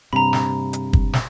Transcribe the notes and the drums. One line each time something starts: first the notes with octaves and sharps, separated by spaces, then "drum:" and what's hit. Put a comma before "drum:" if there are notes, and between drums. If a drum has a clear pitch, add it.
G2 C3 A#5 B5
drum: snare
drum: hi-hat
drum: kick
drum: snare